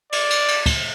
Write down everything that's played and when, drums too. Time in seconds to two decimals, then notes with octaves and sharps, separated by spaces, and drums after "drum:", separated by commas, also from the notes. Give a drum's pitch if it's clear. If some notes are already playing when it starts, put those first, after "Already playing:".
0.12 D5, drum: cymbal
0.30 drum: cymbal
0.48 drum: cymbal
0.66 drum: kick, cymbal